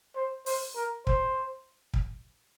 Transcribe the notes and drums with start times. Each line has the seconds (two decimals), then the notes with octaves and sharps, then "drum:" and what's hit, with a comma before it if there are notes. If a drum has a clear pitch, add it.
0.15 C5
0.46 C5, drum: open hi-hat
0.76 A#4
1.07 C5, drum: kick
1.94 drum: kick